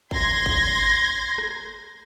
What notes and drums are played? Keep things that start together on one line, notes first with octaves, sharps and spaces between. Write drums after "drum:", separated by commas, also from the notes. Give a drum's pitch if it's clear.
C6 G#6 A#6, drum: kick
drum: kick
drum: rim click